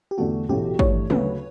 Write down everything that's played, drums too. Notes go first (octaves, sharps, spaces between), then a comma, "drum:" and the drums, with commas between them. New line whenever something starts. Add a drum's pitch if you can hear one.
G4
E2 D3 A3 F#4
B1 A2 E3 A3 G4
G2 E3 A3 C#5, drum: kick
D2 C#3 F#3 C#4 B4, drum: tom